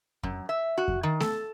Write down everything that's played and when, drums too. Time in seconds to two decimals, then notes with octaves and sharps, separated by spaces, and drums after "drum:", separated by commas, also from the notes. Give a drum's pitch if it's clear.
0.23 F#2, drum: kick F2
0.49 E5
0.78 F#4
0.88 drum: kick F2
1.03 D#3
1.20 A4, drum: snare A3